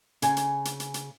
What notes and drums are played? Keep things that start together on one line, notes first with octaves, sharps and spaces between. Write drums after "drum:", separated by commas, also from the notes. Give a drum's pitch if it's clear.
C#3 G#5, drum: hi-hat
drum: hi-hat
drum: hi-hat
drum: hi-hat
drum: hi-hat